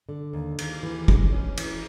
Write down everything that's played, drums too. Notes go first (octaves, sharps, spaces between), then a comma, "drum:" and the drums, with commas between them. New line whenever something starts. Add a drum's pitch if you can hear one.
D3
D#2
D#2, drum: cymbal
E3
G#3, drum: kick
C#4
E3, drum: cymbal